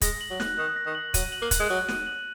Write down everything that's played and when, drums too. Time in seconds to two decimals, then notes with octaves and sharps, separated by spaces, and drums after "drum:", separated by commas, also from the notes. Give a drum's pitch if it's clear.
0.01 G#3 A#6, drum: kick, hi-hat
0.21 F#7
0.30 F#3
0.40 F#6, drum: snare
0.58 D#3 F#6
0.76 A#6
0.86 D#3
0.95 F#7
1.14 F#3 D#7, drum: kick, hi-hat
1.32 F#7
1.42 A#3
1.51 F#6, drum: kick, hi-hat
1.60 G#3
1.69 F#3 F#6
1.89 D#7, drum: snare
2.07 F#7